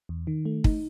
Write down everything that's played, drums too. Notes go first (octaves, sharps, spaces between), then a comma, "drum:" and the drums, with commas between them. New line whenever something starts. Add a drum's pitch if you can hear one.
E2
D#3
A3
D#4, drum: kick